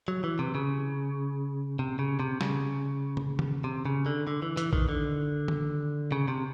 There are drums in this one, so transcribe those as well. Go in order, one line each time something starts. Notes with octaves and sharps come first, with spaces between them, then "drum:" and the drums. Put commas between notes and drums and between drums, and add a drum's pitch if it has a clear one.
F#3
E3
C3
C#3
C3
C#3
C3
C#3, drum: snare
drum: tom
drum: tom
C3
C#3
D3
D3
E3
E3, drum: hi-hat
D#3, drum: kick A#1
D3
drum: tom
C#3
C3